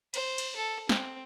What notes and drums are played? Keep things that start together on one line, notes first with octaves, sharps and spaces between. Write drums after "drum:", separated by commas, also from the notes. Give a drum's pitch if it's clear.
C5, drum: cymbal
drum: cymbal
A4
C4, drum: snare